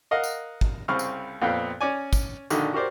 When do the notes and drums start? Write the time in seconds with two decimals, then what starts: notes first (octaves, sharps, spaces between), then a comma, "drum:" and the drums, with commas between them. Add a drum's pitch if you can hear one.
0.11 A#4 D#5 F5 F#5
0.24 drum: tambourine
0.61 drum: kick
0.88 C2 C#3 C4 B5 C#6 F6
0.99 drum: tambourine
1.42 F2 A#2 B3 C4 F5 G5
1.81 C#4 C#5 D5 G#5
2.13 drum: kick, tambourine
2.50 A#1 D3 D#3 F#4, drum: tambourine
2.73 F#4 G4 A#4 C5 D5